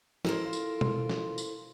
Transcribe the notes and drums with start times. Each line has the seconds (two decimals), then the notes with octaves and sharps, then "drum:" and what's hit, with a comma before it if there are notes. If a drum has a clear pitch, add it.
0.25 E4 A4 A#4 C5, drum: snare
0.44 F4
0.53 drum: tambourine
0.81 drum: tom B2
1.10 drum: snare
1.38 drum: tambourine